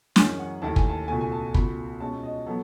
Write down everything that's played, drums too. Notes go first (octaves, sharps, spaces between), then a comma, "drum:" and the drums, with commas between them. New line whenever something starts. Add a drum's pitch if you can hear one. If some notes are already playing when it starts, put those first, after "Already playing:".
F#2 E3 G#3 C#4 G#5, drum: snare
F#5
D#2 D#3 A3 E4 A5
G#5, drum: kick
A5
C#2 B2 A3 G#5
G#5
A5
C#2 B2 A3 B5, drum: kick
B2 G#3 C#4 A5
D#5
F#3 B3 A4